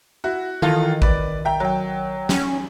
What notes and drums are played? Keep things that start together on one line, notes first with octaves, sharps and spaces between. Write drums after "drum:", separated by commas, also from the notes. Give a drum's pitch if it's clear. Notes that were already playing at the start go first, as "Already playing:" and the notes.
E4 F#4
D#3 E3 F4 A4
B4 D5, drum: kick G#1
E5 G5 A#5
F#3 G5
C#4, drum: snare